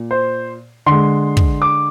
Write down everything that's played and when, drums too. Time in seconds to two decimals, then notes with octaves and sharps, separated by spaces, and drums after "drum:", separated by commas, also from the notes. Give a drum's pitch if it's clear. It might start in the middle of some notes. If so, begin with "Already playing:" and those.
Already playing: A#2
0.11 C5
0.86 D3 G#3 C6
1.37 drum: kick
1.62 D6